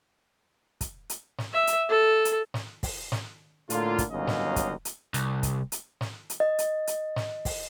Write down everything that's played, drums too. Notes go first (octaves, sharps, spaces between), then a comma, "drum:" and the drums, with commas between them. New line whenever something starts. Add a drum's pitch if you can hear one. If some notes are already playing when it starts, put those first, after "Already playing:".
drum: kick, hi-hat
drum: hi-hat
drum: snare
E5
drum: hi-hat
A4
drum: hi-hat
drum: snare
drum: kick, open hi-hat
drum: snare
A2 D3 A#3 F4, drum: hi-hat
drum: kick, hi-hat
G1 D#2 F#3 C#4 D#5 F5
drum: snare
drum: kick, hi-hat
drum: hi-hat
C2, drum: hi-hat
drum: kick, hi-hat
drum: hi-hat
drum: snare
drum: hi-hat
D#5
drum: hi-hat
drum: hi-hat
drum: snare
drum: kick, open hi-hat